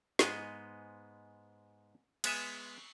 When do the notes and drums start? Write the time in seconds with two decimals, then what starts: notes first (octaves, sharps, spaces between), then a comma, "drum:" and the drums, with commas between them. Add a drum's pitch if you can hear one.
0.19 G#2 G#3 B3 D#5, drum: snare
2.24 G#3 B3 E5 G#5, drum: cymbal